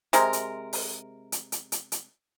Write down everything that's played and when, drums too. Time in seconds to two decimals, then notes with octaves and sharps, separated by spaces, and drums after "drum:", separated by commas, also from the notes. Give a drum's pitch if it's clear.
0.13 C3 G#3 A#4, drum: hi-hat
0.33 drum: hi-hat
0.73 drum: open hi-hat
1.32 drum: hi-hat
1.52 drum: hi-hat
1.72 drum: hi-hat
1.92 drum: hi-hat